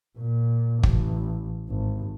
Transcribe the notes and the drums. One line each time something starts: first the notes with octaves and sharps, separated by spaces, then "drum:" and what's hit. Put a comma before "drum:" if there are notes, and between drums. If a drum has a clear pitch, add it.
A#2
A1, drum: kick
G#1